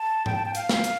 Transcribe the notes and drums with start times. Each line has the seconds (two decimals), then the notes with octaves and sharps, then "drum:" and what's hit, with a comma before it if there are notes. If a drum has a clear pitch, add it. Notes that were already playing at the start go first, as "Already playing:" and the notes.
Already playing: A5
0.26 G5, drum: tom G#2
0.35 A5
0.46 G5
0.55 F5, drum: hi-hat
0.69 drum: snare
0.84 drum: hi-hat